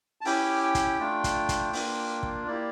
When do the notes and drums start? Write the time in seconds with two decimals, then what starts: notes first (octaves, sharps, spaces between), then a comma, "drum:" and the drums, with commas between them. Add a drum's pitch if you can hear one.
0.21 A5
0.25 C#4 E4 G4 G5, drum: open hi-hat
0.63 G5
0.75 drum: kick, hi-hat
1.00 A3 D4 F4
1.24 drum: kick, hi-hat
1.49 drum: kick, hi-hat
1.73 A#3 D4 F4, drum: open hi-hat
2.23 drum: kick
2.47 A#3 E4 G4 D5